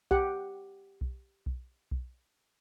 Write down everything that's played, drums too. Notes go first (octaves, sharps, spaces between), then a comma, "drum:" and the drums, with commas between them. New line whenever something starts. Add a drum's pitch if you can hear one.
G4 F#5, drum: kick B1
drum: kick B1
drum: kick B1
drum: kick B1